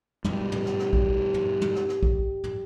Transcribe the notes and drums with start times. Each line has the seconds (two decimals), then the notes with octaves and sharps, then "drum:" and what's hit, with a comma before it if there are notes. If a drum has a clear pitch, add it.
0.24 G2 B2 G3 G4 D#5, drum: tom
0.52 drum: tom
0.66 drum: rim click
0.79 drum: rim click
0.93 drum: kick
1.34 drum: tom
1.61 drum: tom
1.75 drum: rim click
1.89 drum: rim click
2.03 drum: kick
2.44 drum: tom